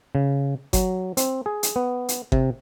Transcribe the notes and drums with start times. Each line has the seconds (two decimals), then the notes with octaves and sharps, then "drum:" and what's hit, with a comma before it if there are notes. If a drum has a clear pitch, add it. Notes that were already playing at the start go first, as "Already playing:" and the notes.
0.15 C#3
0.73 F#3, drum: kick G1, hi-hat
1.17 C4, drum: hi-hat
1.46 G#4
1.63 drum: hi-hat
1.76 B3
2.09 drum: hi-hat
2.32 C3, drum: kick G1